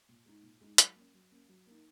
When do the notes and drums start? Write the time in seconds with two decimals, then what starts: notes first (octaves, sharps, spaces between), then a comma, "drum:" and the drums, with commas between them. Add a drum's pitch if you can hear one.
0.09 A#2
0.25 G#3 D#4
0.43 A#2
0.61 G#3 D#4
0.78 F#3, drum: hi-hat
0.96 A#3 C#4
1.14 F#3
1.31 A#3 C#4
1.49 F#3
1.67 A#3 D#4